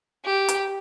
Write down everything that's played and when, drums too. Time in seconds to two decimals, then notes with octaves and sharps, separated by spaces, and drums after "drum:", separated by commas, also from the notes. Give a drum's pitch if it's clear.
0.25 G4
0.49 drum: hi-hat